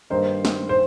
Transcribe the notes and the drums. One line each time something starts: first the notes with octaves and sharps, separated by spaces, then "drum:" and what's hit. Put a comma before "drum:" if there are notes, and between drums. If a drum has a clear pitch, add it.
G2 D#3 G3 A#3 D#4 C5
drum: snare
C5